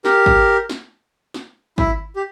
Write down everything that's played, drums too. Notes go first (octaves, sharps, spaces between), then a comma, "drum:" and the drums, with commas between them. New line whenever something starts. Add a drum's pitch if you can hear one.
G4 A#4, drum: snare
drum: kick
drum: snare
drum: snare
E4, drum: kick
G4